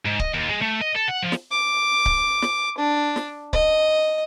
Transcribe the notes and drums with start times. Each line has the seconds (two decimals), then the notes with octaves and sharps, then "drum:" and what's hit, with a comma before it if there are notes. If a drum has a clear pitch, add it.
0.05 G#2
0.19 D#5, drum: kick C#1
0.34 D#2
0.49 G#3
0.62 A3
0.81 D#5
0.95 A4
1.08 F#5
1.22 F3
1.32 drum: snare
1.51 D6
2.06 drum: kick C#1
2.42 drum: snare
2.78 D4
3.16 drum: snare
3.53 D#5, drum: kick C#1